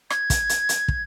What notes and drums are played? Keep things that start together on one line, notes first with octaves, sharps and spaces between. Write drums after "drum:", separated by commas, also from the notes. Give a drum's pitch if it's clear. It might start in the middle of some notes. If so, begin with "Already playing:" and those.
G#6, drum: rim click
drum: kick, hi-hat
drum: hi-hat
drum: hi-hat
drum: kick